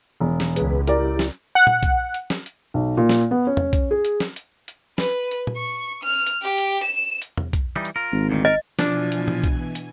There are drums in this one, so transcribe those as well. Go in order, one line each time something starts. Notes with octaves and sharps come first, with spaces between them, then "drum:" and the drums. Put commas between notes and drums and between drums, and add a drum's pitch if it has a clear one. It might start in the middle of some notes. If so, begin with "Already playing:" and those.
E1
drum: snare
C#2 G#4 B4, drum: hi-hat
E4 G4 A#4 D5, drum: hi-hat
drum: snare
F#5
drum: tom A#2
drum: kick, hi-hat
drum: hi-hat
drum: snare
drum: hi-hat
B1
A#2
drum: snare
B3
C#4
drum: tom E2
drum: kick, hi-hat
G#4
drum: hi-hat
drum: snare
drum: hi-hat
drum: hi-hat
B4, drum: snare
drum: hi-hat
drum: tom A#2
C#6
F6
drum: hi-hat
G4
drum: hi-hat
E7
drum: hi-hat
drum: tom E2
drum: kick, hi-hat
E3 G3 D#4
drum: hi-hat
F4 A#4
G#1
D2 A#2 D#3
A#4 D#5
B2 E3 F3 D4 G#5, drum: snare
drum: hi-hat
drum: tom A#2
drum: kick, hi-hat
drum: hi-hat